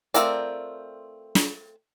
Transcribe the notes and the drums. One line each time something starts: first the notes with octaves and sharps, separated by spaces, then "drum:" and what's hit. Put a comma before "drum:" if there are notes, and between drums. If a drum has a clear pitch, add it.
A3 C4 F4 A#4 D5, drum: hi-hat
drum: snare